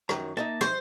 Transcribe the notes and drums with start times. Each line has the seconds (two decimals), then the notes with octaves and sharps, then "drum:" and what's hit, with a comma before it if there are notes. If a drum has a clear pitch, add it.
0.09 F#2 D#3 A#5, drum: rim click
0.37 A#3 D#4 D#5 E5 A5
0.61 C5, drum: rim click